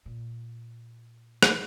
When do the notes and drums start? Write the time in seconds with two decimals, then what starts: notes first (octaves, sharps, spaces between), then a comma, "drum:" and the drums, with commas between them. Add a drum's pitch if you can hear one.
0.06 A#2
1.43 drum: rim click